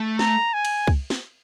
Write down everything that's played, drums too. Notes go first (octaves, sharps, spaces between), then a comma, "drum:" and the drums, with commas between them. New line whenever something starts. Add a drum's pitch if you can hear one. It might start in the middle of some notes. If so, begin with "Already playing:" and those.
Already playing: A3
A#5, drum: snare
G#5
drum: cymbal
drum: kick C2
drum: snare